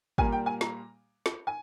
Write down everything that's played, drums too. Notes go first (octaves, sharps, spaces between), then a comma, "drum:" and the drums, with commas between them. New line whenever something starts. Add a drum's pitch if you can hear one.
A#2 G3 A#3 G#5, drum: kick G#1
G5
G#5
A#5, drum: snare
drum: snare
G#5